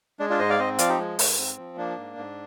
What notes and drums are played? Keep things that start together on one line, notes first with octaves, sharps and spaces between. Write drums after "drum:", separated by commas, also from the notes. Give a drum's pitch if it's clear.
G#3 D4
D4 F4
G#2 C5 D#5
D5 F5
C4 C5 D#5
F3 D5 F5, drum: hi-hat
D#4 G4
G#3
G#2, drum: open hi-hat
C4
F3
A#3 D4
G#2
G#2